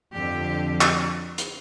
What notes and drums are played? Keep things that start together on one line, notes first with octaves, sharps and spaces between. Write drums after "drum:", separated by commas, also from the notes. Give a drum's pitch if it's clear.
F2 D3 G4
drum: clap
drum: hi-hat